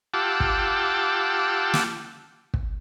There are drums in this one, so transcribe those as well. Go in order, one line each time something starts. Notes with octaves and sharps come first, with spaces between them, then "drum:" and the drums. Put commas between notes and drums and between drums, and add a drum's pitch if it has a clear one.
F4 G4 F#5 A5 D6 E6
drum: kick
drum: snare
drum: kick